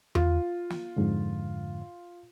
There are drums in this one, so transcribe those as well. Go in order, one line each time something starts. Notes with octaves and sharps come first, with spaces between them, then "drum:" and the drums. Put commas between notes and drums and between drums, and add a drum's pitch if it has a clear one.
F4, drum: tom E2
drum: snare
F2 G#2 D3